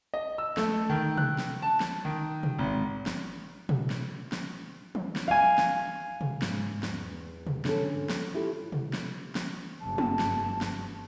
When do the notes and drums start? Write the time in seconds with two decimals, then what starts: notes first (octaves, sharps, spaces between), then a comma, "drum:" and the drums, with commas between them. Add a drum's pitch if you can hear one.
0.14 D#5
0.38 E6
0.57 A3, drum: snare
0.90 D#3
1.17 F#6, drum: tom
1.38 drum: snare
1.62 A5
1.80 drum: snare
2.05 D#3
2.43 drum: tom
2.59 G#1
3.06 drum: snare
3.69 drum: tom
3.90 drum: snare
4.32 drum: snare
4.95 drum: tom
5.16 drum: snare
5.28 F5 G#5
5.58 drum: snare
6.21 drum: tom
6.42 G#2, drum: snare
6.83 E2, drum: snare
7.47 drum: tom
7.65 D3 C#4 A4, drum: snare
8.09 drum: snare
8.34 E4 F4 G4 A4
8.72 drum: tom
8.93 drum: snare
9.35 drum: snare
9.81 F#1 G2 A5
9.98 drum: tom
10.19 drum: snare
10.61 drum: snare